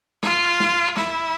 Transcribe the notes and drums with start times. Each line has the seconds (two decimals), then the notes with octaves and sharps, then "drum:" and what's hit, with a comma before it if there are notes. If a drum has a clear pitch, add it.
0.23 F4, drum: snare
0.60 drum: snare
0.97 E4, drum: snare